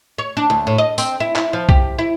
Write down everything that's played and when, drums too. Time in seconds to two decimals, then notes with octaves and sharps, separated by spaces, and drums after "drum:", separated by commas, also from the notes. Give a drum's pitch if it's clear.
0.18 C#5
0.37 D4
0.50 D2
0.67 A2
0.78 D#5
0.98 C4, drum: tambourine
1.20 E4
1.36 E4, drum: clap
1.53 F3
1.69 G4, drum: kick B1
1.98 E4